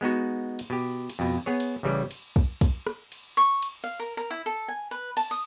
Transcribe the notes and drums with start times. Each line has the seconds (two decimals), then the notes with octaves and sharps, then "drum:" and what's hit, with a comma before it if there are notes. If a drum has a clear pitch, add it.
0.01 G#3 B3 D#4 F#4
0.59 drum: cymbal
0.70 B2 G4
1.10 drum: cymbal
1.19 F2 B2
1.46 B3 G#4 C#5
1.60 drum: cymbal
1.83 A1 C#3 E3 G3
2.11 drum: cymbal
2.36 drum: kick
2.61 drum: kick, cymbal
2.87 drum: rim click
3.12 drum: cymbal
3.37 C#6
3.62 drum: cymbal
3.84 F5
4.00 A#4
4.17 A#4
4.31 E4
4.46 A4
4.68 G#5
4.91 B4
5.17 A5, drum: cymbal
5.31 D#6